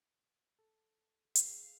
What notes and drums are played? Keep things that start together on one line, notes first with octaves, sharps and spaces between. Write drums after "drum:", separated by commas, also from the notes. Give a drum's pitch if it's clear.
A4
A2 G#4 F5, drum: hi-hat